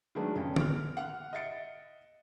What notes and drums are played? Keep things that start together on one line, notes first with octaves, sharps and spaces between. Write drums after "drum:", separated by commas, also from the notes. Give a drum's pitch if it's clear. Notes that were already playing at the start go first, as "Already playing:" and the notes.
D#3 F#3 G#3 A3 B3 D4
F2 C#4
F6 D7, drum: tom D3
F#5 F6
D#5 E5 A6 C#7 D7